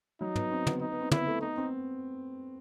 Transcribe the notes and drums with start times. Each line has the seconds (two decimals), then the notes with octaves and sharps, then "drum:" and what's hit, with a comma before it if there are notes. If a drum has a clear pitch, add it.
0.21 F#3 D#4
0.36 B3, drum: tom
0.52 C4
0.67 B3, drum: tom
0.81 D#4
0.92 B3
1.01 C4
1.11 B3 E4, drum: tom
1.27 A3
1.41 B3 D#4
1.57 C4